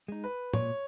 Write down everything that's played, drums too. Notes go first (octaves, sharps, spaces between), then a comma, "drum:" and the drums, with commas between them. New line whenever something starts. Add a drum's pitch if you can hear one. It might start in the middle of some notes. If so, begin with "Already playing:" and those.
G#3 D#4
B4
A#2 C#5, drum: tom